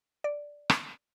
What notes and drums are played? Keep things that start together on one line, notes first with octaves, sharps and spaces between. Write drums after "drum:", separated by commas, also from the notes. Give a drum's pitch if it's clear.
D5
drum: rim click